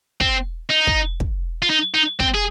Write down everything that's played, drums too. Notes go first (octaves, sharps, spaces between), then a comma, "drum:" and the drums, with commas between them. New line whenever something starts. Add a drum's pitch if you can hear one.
C4, drum: kick
D#4
drum: kick
drum: kick
F4
D#4
D#4
C4, drum: kick
G#4